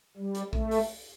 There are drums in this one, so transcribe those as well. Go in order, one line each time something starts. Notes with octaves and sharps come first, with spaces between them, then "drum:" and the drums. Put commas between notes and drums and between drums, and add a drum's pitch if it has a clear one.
G3
drum: hi-hat
A3, drum: kick A#1
drum: open hi-hat